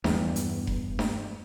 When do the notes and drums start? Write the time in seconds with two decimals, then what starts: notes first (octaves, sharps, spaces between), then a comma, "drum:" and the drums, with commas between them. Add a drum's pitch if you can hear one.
0.04 E2 G2, drum: snare D4
0.36 drum: hi-hat
0.67 drum: kick F1
0.99 drum: snare D4